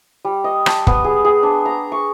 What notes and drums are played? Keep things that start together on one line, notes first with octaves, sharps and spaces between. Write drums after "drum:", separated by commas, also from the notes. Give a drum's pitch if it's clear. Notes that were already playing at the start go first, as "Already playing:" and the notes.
G3
D#5
A5, drum: rim click
B3, drum: kick
G#4
G#4
D4
A#5
C#6